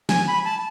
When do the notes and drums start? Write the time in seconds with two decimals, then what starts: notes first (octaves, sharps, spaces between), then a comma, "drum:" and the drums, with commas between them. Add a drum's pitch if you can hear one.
0.09 G#5, drum: snare
0.27 B5
0.45 A5